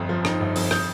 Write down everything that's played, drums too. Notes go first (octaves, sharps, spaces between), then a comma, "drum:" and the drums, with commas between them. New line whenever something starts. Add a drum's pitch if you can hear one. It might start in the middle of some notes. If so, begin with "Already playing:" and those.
Already playing: G1 F2
F3
D#4, drum: rim click
G1
F2, drum: open hi-hat
D#6 G6, drum: rim click